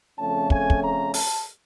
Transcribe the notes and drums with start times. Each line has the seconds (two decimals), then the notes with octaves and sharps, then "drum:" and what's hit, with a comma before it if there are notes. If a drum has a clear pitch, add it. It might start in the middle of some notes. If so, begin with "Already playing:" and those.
0.18 F2 C#3 F3 A3 C#4 A5
0.50 G#5, drum: kick
0.70 drum: kick
0.82 A#5
1.14 A5, drum: open hi-hat